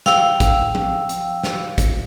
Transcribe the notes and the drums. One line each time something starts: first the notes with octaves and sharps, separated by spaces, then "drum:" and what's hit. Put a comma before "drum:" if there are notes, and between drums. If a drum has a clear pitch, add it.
F5 G5 E6, drum: snare
drum: kick, hi-hat
drum: tom F3
drum: hi-hat
drum: snare
drum: kick, hi-hat